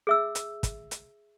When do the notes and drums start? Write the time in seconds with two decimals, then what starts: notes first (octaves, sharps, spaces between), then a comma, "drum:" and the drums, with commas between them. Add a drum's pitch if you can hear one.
0.07 G#4 E5 E6
0.35 drum: hi-hat
0.63 drum: kick, hi-hat
0.91 drum: hi-hat